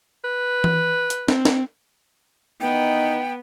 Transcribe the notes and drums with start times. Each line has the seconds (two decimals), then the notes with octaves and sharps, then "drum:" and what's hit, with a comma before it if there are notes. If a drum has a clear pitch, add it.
0.24 B4
0.64 drum: tom E3
1.10 drum: hi-hat
1.28 C4, drum: snare
1.45 drum: snare
2.61 D#3 E3 B3 D#4 G5